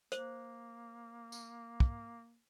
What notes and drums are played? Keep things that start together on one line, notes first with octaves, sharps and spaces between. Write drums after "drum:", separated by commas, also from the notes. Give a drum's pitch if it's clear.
A#3 C5, drum: hi-hat
drum: tambourine
drum: kick